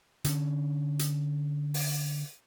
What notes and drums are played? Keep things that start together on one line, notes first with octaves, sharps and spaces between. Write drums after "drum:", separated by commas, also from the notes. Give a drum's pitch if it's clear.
D3 C#4, drum: hi-hat
drum: hi-hat
drum: open hi-hat